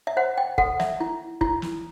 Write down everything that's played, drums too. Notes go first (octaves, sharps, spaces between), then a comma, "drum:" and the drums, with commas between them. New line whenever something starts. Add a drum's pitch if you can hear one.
E5
C5 F#5
G5
A4 F#5, drum: kick F1
E5, drum: snare
E4
E4, drum: kick F1
drum: snare